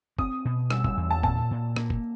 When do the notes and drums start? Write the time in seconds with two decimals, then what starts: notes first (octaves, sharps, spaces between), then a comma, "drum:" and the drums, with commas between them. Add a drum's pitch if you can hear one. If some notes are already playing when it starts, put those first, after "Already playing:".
0.19 C4 D#6, drum: kick
0.45 B2
0.70 G3 E6, drum: rim click
0.84 E6, drum: kick
0.97 E2
1.11 A5
1.23 A#2 A5, drum: kick
1.51 A#2
1.76 A#3, drum: rim click
1.90 drum: kick